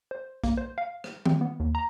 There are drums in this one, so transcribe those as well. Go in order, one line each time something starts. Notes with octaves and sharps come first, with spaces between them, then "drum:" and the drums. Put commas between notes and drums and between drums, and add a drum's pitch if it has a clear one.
C5
A#3, drum: kick, hi-hat
C5
F5
drum: rim click
C4, drum: tom D#3
B3
D#2
A#5